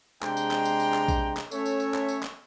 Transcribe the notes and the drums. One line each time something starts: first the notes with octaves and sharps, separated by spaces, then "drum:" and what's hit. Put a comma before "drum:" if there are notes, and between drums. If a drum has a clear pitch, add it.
C3 G#3 D4 G5 A#5 C6, drum: clap
drum: tambourine
drum: clap
drum: tambourine
drum: tambourine
drum: clap
drum: kick A#1, tambourine
drum: clap
A3 C#4 A4 C#5 E5, drum: tambourine
drum: tambourine
drum: tambourine
drum: clap
drum: tambourine
drum: clap